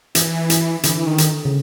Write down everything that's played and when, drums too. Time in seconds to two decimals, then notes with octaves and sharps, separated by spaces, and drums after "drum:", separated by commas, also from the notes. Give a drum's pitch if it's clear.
0.15 E3, drum: hi-hat
0.50 drum: hi-hat
0.83 D3 E3, drum: hi-hat
1.07 D#3
1.18 drum: hi-hat
1.45 C#3